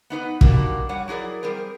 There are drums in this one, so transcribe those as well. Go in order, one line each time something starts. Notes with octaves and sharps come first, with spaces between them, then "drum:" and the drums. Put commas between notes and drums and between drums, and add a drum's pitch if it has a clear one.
B3 D#4 B4 D#5
B2 D#3 G3 A#3 D4 F#4, drum: kick
G3 C#5 F#5
F#3 E4 G#4 A#4 D5
G3 C4 G#4 A#4